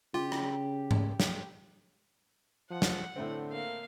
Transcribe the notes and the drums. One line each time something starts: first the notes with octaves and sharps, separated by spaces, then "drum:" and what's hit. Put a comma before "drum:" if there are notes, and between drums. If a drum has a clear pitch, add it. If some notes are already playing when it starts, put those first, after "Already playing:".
C#3 F4 G4
drum: rim click
drum: tom G#2
drum: snare
F3 F#5
drum: snare
A2 D3 A3 C4
A#3 F5